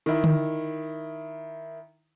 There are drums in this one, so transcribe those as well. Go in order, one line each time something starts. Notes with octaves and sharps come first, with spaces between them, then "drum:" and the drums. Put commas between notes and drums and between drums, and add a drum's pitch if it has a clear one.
D#3 E4
drum: tom D3